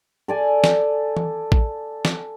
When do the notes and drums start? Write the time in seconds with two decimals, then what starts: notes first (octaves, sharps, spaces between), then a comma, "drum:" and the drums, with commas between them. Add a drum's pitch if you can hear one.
0.28 A4 D5 G#5
0.64 drum: snare
1.17 drum: tom
1.52 drum: kick A1
2.05 drum: snare